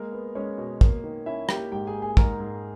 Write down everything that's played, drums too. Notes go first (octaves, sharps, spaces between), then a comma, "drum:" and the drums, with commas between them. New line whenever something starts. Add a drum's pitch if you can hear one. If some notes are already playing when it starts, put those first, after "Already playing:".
Already playing: G#3 A#3 A#4
B3
G#3 C#4 C#5
B2
A#3, drum: kick
D#3
C#4 E4 E5
A#3 G4 G5, drum: rim click
G#2 G4 G5
G#4 G#5
A#3
G#4 G#5
G#2 A#4 A#5, drum: kick
G#2